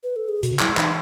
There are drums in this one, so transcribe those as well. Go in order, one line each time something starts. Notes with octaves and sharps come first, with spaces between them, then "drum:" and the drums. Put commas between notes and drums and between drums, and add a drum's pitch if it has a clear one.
B4
A4
G#4
B2 F#4, drum: hi-hat
C#3
F#3 E4, drum: clap
G#3
E3 D#4, drum: clap